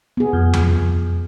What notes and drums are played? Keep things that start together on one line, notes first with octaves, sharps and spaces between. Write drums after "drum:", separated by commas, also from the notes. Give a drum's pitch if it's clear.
B3 G#4
F2
drum: tom E2